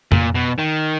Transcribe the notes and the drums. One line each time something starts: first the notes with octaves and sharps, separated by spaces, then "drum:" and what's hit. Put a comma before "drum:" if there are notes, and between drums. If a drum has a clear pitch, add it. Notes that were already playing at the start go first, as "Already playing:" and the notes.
A#2, drum: tom F2
B2
D#3